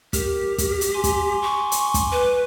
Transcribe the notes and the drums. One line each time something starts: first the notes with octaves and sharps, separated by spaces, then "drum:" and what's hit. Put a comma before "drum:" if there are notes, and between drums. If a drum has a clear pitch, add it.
G4 A#4, drum: kick, hi-hat
drum: kick, hi-hat
drum: hi-hat
G#5 C6 D6
drum: kick, hi-hat
C#6
drum: hi-hat
drum: kick, hi-hat
B4